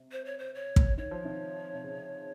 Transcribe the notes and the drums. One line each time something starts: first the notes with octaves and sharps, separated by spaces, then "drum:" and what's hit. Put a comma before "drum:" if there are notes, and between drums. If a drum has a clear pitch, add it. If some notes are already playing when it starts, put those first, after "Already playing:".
Already playing: C3
C5
C#5
C5
C#5
drum: kick
D#3 C#5
F3
C3 D#3
C3
C#3